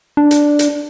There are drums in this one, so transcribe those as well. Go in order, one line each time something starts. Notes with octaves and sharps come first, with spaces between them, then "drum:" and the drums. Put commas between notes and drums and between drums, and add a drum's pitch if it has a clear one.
D4
drum: hi-hat
drum: hi-hat